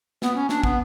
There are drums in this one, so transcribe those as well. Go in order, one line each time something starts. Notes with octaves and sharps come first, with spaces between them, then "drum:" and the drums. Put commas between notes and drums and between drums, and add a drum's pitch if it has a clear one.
B3, drum: snare
C#4
D4, drum: snare
B3, drum: kick